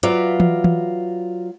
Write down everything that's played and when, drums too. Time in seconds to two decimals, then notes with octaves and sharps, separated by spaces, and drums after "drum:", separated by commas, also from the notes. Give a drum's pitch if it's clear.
0.03 F#3 F4 B4 D5 E5 F5, drum: hi-hat
0.40 drum: tom E3
0.64 drum: tom E3